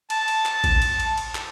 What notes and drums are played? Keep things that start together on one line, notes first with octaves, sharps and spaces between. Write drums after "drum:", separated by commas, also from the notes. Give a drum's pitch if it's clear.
A5, drum: cymbal
drum: cymbal
drum: clap
drum: kick A1, cymbal
drum: cymbal
drum: cymbal
drum: cymbal
drum: clap